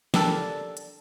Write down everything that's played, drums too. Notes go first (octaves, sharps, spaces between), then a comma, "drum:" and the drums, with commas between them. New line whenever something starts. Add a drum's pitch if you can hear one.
G3 D4 A4 A#4, drum: snare
drum: hi-hat